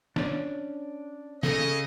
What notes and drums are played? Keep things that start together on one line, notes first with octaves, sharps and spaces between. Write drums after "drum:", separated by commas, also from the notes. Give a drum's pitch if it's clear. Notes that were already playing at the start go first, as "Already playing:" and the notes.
C#4 D4, drum: snare
C#3 A4 D#5, drum: snare